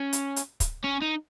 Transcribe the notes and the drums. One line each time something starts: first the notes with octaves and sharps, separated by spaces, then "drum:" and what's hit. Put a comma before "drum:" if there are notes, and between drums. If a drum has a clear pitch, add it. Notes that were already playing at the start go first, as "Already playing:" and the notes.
Already playing: C#4
drum: hi-hat
drum: hi-hat
drum: kick, hi-hat
C#4
D#4